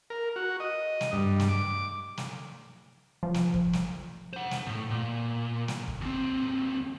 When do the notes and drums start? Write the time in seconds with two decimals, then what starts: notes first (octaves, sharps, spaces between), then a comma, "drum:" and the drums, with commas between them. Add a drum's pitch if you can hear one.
0.10 A#4
0.36 F#4
0.60 D#5
1.01 drum: snare
1.13 G2
1.40 drum: snare
1.49 D6
2.17 drum: snare
3.23 F3
3.34 drum: snare
3.54 drum: kick
3.73 drum: snare
4.33 C5 F#5
4.51 drum: snare
4.67 A2
4.90 A#2
5.68 drum: snare
5.88 drum: kick
6.01 D#2 C4